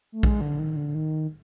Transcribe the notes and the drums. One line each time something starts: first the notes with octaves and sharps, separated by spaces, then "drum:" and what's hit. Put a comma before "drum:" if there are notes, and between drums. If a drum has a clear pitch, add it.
A3
G#3, drum: kick A#1
D3
D#3
D3
D#3